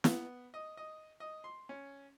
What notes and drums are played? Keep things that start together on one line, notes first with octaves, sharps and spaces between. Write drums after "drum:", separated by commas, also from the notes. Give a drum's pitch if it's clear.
B3, drum: snare
D#5
D#5
D#5
C6
C#4